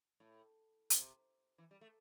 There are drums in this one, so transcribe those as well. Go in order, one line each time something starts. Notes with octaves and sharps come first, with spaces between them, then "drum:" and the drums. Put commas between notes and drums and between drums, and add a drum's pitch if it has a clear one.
A2
C3, drum: hi-hat
E3
G3
A3